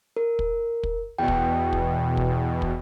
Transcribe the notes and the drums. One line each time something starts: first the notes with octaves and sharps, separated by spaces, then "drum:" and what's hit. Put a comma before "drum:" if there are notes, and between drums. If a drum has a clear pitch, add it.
A#4
drum: kick
drum: kick
E2 B2 G5
drum: kick
drum: kick
drum: kick
drum: kick